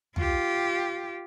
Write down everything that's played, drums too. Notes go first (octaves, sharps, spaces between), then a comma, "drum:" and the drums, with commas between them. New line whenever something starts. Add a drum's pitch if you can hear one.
F4 G4, drum: tom